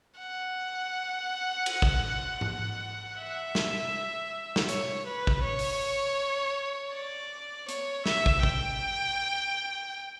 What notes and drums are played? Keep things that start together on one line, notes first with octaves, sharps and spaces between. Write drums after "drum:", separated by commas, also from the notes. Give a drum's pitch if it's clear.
F#5
drum: cymbal
drum: kick
drum: tom G#2
E5
drum: snare
drum: snare
C#5, drum: hi-hat
B4
drum: kick
C#5
drum: open hi-hat
D5
C#5, drum: hi-hat
E5, drum: snare
drum: kick
G5, drum: kick